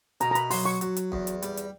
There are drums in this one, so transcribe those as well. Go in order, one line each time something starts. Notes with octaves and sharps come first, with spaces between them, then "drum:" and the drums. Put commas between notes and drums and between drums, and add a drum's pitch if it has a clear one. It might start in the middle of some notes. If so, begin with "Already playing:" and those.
B2 A#5, drum: hi-hat
A#5
B5, drum: hi-hat
F#3 C6, drum: open hi-hat
C#6
F#3, drum: hi-hat
drum: hi-hat
E2, drum: kick
drum: hi-hat
G3, drum: hi-hat
drum: hi-hat